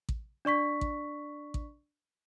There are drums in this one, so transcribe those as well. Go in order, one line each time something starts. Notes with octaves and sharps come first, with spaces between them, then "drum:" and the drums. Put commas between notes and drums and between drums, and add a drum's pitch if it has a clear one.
drum: kick A1
D4 D5 C#6 B6
drum: kick A1
drum: kick A1